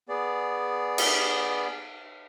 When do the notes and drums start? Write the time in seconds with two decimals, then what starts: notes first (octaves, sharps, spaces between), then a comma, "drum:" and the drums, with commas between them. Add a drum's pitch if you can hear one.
0.09 B3 G#4 D5
0.98 drum: cymbal